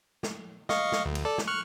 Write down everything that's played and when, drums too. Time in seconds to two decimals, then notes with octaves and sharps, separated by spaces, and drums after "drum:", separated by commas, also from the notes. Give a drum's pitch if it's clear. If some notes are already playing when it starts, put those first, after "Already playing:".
0.23 drum: snare
0.69 D#5 F5 C#6, drum: snare
0.92 drum: snare
1.05 D2
1.15 drum: cymbal
1.25 A4 D5
1.38 drum: snare
1.47 C#6 F6 F#6